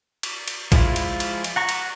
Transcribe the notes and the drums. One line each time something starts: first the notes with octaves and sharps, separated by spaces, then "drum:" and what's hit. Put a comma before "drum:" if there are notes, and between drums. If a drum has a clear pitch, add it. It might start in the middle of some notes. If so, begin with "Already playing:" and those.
drum: cymbal
drum: cymbal
F3 G#3 E4 F4, drum: kick, cymbal
drum: cymbal
drum: cymbal
drum: cymbal
F#5 A#5 C#6
drum: cymbal